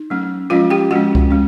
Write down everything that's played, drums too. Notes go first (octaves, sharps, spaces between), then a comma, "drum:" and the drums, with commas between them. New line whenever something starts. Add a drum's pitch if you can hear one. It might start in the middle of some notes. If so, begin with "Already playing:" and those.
Already playing: D#4
F#3 A3 C#4
F3 G#3 C#4 F4 F5
G4 G5
F3 G#3 C#4 F#4 F#5
drum: kick C2
G#3 C#4